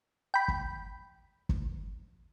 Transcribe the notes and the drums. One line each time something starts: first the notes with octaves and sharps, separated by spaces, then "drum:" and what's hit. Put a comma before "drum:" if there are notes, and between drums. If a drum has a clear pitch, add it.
G5 B5
drum: kick
drum: kick